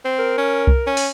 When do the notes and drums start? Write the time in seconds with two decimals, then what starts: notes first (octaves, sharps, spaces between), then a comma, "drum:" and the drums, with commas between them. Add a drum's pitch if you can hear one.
0.05 C4
0.19 A#4
0.38 C#4
0.67 drum: kick C2
0.87 C#4
0.97 drum: open hi-hat